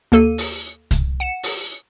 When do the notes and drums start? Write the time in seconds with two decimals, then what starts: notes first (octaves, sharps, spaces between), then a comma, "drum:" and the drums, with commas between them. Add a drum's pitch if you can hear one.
0.12 D#2 A#3 A4 D#7
0.38 drum: open hi-hat
0.91 drum: kick C2, hi-hat
1.20 F#5 C#7 E7
1.43 drum: open hi-hat